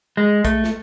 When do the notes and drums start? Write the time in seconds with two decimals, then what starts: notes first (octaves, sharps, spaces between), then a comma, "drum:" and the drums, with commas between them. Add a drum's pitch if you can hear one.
0.17 G#3
0.45 A3, drum: kick A#1, hi-hat
0.64 drum: snare